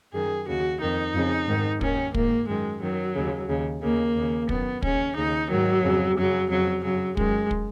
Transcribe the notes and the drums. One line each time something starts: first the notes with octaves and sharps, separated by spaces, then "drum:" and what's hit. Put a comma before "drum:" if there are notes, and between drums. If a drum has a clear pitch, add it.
F#2 D#3 G#4
D#2 C#3 F#4
F2 D#3 D#4
F2 C#3
G#2 D#3
D#2 D#3 C#4, drum: kick
G#2 D#3 A#3, drum: kick
F#2 D#3 G#3
F#2 D#3 F#3
D#2 C#3
D#2 C#3
D#2 C#3 A#3
D#2 C#3
F#2 D#3 B3, drum: kick
D#2 C#3 C#4, drum: kick
D#2 C#3 D#4
G#2 D#3 F#3
F2 C#3
F#2 C#3 F#3
F2 C#3 F#3
F#2 C#3 F#3
F#2 D#3 G#3, drum: kick
drum: kick